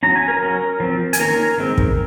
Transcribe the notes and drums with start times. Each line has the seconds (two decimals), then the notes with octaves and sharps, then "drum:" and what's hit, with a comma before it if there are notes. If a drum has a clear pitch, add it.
0.03 F#3 C#4 A#5
0.16 G#5
0.28 A#4 A#5
0.43 F#3 C#4
0.80 F3 C4
1.13 G#5, drum: hi-hat
1.19 D#3 A#3 C#4 A#4 A#5
1.58 D#3 G#3 C4
1.78 drum: kick